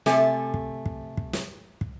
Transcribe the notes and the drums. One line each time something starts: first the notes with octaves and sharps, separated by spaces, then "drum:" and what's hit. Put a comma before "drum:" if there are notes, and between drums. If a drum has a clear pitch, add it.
C3 A3 G#5, drum: snare
drum: kick
drum: kick
drum: kick
drum: snare
drum: kick